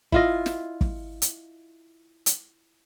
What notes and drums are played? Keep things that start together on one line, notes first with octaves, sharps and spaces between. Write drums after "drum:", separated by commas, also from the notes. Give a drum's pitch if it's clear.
E4 F4 D#5, drum: kick
drum: snare
drum: kick
drum: hi-hat
drum: hi-hat